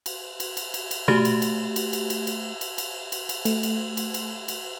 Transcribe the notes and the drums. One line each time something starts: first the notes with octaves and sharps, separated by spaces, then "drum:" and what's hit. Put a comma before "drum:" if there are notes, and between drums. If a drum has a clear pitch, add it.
drum: cymbal
drum: cymbal
drum: cymbal
drum: cymbal
drum: cymbal
A3 F#4 G4, drum: tom B2
drum: cymbal
drum: cymbal
drum: cymbal
drum: cymbal
drum: cymbal
drum: cymbal
drum: cymbal
drum: cymbal
drum: cymbal
drum: cymbal
A3, drum: cymbal
drum: cymbal
drum: cymbal
drum: cymbal
drum: cymbal